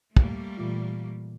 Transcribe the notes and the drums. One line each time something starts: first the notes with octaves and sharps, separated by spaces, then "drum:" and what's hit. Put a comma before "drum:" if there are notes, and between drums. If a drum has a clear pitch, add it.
G3 A3 A#3, drum: kick
A#2 E3 F4